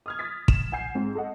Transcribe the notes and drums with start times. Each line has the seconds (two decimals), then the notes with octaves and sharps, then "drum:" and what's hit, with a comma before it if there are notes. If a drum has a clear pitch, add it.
0.06 D#6 F6 G#6
0.19 D#6 A6 B6
0.48 E7, drum: kick
0.72 F#5 G#5 G6 C7
0.95 G#2 C4
1.15 A4 D#5 F#5